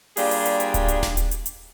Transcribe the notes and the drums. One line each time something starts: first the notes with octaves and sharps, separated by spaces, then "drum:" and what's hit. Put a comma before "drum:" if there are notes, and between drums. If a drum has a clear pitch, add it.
G3 A#3 D4 F4 G4 G#4, drum: open hi-hat
drum: open hi-hat
drum: hi-hat
drum: hi-hat
drum: kick D1, hi-hat
drum: hi-hat
drum: snare D#1
drum: hi-hat
drum: hi-hat
drum: hi-hat